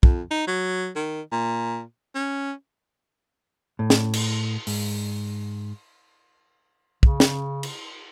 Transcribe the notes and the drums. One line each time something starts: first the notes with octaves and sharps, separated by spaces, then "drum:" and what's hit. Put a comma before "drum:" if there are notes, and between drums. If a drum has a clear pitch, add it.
F2, drum: kick
D#4
F#3
D#3
A#2
C#4
A2
drum: snare
drum: cymbal
G#2, drum: open hi-hat
C#3, drum: kick
drum: snare
drum: cymbal